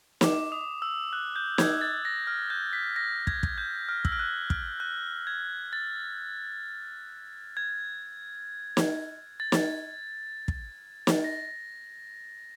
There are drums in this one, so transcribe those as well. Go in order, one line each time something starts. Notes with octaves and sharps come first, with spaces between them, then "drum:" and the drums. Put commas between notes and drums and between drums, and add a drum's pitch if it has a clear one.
D6, drum: snare
D#6
E6
F#6
G6
G#6, drum: snare
A6
A#6
F6
G6
B6
A#6
G#6, drum: kick
drum: kick
G6
F6
E6, drum: kick
F6
F#6
F6, drum: kick
F#6
G#6
A6
G#6
drum: snare
A6
drum: snare
drum: kick
drum: snare
A#6